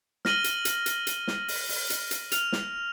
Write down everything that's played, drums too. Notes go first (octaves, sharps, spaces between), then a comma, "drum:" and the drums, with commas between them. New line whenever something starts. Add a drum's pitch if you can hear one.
F6 A#6 D#7 F#7 G7, drum: snare
drum: hi-hat
drum: hi-hat
drum: hi-hat
drum: hi-hat
drum: snare
drum: open hi-hat
drum: open hi-hat
drum: hi-hat
drum: hi-hat
F6 F7, drum: hi-hat
drum: snare